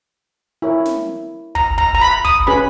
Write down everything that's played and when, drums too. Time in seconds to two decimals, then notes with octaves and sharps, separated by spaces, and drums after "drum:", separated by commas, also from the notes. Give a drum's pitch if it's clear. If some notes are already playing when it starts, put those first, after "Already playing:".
0.62 E4 A#4 C#5
0.85 drum: snare
1.55 A#5, drum: kick
1.78 A#5, drum: kick
1.95 A#5
2.01 B5
2.25 D#6, drum: kick
2.47 C#4 G#4 B4 B5